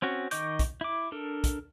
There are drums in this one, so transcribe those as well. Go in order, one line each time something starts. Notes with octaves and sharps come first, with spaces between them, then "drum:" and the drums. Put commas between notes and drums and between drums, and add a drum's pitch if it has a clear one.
C4 C#4 F#4
D#3 D#5 C#6 D6 G6, drum: hi-hat
drum: kick, hi-hat
E4 D6
D4 A4 A#4
drum: kick, hi-hat